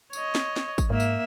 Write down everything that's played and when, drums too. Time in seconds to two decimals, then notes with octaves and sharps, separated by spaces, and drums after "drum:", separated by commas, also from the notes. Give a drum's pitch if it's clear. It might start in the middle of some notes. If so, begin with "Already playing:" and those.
0.13 C#5 D#5, drum: tambourine
0.35 drum: snare
0.56 drum: snare
0.78 drum: kick, tambourine
0.90 G#2 A#3 E5
1.00 drum: tambourine